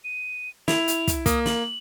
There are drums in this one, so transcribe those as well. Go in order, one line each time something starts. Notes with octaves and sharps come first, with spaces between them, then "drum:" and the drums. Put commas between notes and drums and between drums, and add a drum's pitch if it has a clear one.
D#7
E4 F7, drum: snare
drum: hi-hat
drum: kick, hi-hat
A#3 D#6, drum: kick, hi-hat
F#7, drum: snare